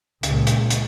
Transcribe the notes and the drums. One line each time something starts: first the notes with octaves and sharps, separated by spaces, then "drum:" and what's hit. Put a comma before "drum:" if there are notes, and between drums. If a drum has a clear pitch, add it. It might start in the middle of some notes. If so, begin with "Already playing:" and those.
C#2 A#2, drum: hi-hat
drum: hi-hat
drum: hi-hat